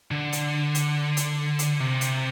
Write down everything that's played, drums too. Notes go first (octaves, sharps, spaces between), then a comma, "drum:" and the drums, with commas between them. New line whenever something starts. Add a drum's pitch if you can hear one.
D3
drum: hi-hat
drum: hi-hat
drum: hi-hat
drum: hi-hat
C3
drum: hi-hat